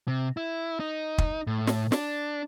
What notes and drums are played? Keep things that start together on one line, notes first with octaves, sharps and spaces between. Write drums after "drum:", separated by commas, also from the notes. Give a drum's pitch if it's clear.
C3
E4
D#4
drum: kick
A2
drum: snare
D4, drum: snare